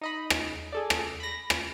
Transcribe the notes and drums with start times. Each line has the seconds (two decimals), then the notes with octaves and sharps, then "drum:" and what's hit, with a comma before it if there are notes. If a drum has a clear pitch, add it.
0.01 D#4 D#5 B5
0.30 drum: rim click
0.73 G#4 A4 D5
0.90 drum: rim click
1.20 B5 A#6
1.50 drum: rim click